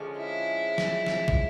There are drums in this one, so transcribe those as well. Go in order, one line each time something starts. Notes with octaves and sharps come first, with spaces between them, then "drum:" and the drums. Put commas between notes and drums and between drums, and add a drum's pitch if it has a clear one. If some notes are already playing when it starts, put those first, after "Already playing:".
Already playing: D3 F3 G#3 C#4
E4
drum: snare
drum: snare
drum: kick